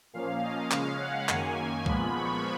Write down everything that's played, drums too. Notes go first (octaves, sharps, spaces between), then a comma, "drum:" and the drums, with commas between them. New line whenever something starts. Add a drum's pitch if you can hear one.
A#2 F3 A#3 C#4 F5
D#5
C#3 G#3 C#4 F5, drum: clap
F#5
F#2 D#3 A#3 C#4 G#5, drum: clap
A#2 F3 G#3 B3 B5, drum: kick C2
C#6